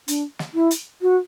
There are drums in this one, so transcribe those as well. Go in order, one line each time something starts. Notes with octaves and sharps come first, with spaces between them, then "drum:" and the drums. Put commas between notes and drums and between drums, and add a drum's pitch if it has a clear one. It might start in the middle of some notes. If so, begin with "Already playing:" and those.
D4, drum: hi-hat
drum: snare
E4
drum: hi-hat
F#4